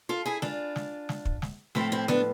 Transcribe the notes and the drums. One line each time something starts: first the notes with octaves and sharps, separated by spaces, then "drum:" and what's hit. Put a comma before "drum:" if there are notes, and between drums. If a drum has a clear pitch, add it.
F4 A4
E4 G#4
D4 F4, drum: snare
drum: snare
drum: snare
drum: kick
drum: snare
A2 F3 A3 C4 E4, drum: snare
C4 E4
B3 D4, drum: snare